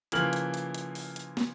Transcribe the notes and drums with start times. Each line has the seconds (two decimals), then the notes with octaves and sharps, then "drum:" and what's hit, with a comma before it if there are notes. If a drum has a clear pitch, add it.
0.12 C#3 E3 F3 A#3 F6 F#7, drum: hi-hat
0.33 drum: hi-hat
0.54 drum: hi-hat
0.74 drum: hi-hat
0.95 drum: open hi-hat
1.16 drum: hi-hat
1.37 drum: snare